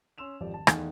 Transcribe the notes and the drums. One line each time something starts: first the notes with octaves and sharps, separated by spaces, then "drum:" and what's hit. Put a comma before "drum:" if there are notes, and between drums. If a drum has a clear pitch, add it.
C#4 C6 E6 E7 F7
G#1 F2 F3 G4 D5
D#1 A5
E2 D#3 A3 D#4 F5, drum: rim click